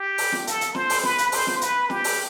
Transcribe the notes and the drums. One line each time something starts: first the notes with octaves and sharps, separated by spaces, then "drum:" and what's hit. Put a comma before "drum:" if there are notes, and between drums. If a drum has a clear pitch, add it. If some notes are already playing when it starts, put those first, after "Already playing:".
Already playing: G4
drum: open hi-hat
drum: snare
A4, drum: hi-hat
drum: hi-hat
C5, drum: snare
drum: open hi-hat
B4, drum: snare
drum: hi-hat
C5, drum: open hi-hat
drum: snare
B4, drum: hi-hat
G4, drum: snare
drum: open hi-hat